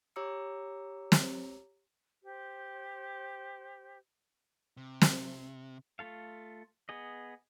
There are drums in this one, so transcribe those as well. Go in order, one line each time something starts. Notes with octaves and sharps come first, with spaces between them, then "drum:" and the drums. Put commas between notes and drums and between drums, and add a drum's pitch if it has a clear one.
G4 C#5 A#5 D6 E6 C#7
drum: snare
G4 C5
C3
drum: snare
A3 F4 A4 F5
B3 G#4 D#5